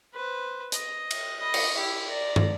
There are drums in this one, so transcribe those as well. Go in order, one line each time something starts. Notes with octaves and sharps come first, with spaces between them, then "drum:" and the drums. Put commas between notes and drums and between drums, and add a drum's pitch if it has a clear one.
B4 C5
D#5, drum: hi-hat
drum: cymbal
D#5 B5
drum: cymbal
E4 G4
D5 A#5
drum: tom